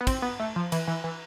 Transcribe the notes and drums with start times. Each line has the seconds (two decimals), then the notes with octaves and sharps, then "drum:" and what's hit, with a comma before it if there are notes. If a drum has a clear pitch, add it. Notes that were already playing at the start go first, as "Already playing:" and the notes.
0.01 B3
0.07 C4, drum: kick, cymbal
0.22 B3
0.40 A3
0.56 F3
0.72 E3, drum: cymbal
0.88 E3
1.04 E3